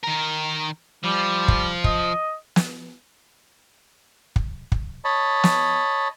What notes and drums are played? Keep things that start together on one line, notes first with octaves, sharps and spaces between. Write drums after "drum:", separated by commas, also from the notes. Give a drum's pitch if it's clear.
D#3 A#4
F3 G3
drum: kick
D#5, drum: kick
drum: snare
drum: kick
drum: kick
C#5 D#5 A5 B5
drum: snare